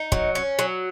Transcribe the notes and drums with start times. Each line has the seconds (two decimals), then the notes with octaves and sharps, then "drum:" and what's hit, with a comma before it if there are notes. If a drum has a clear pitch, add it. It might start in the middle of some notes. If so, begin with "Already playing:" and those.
Already playing: D#4
0.12 F#3, drum: kick
0.35 C#4
0.59 F#3